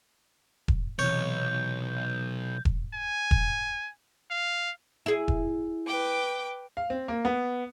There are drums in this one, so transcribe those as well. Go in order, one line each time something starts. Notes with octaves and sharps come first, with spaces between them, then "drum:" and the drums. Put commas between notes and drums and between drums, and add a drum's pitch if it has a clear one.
drum: kick E1
B1 C3 E3 C#5 G6
drum: kick E1
G#5
drum: kick E1
F5
E4 G#4
drum: kick E1
B4 G5 D6
F5
C4
A#3
B3